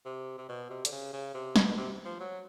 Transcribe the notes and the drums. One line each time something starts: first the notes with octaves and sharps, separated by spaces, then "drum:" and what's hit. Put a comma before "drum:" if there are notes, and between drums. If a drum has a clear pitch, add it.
C3
C3
B2
C3
D3, drum: hi-hat
C#3
C#3
C3
B2, drum: snare
C3
F3
F#3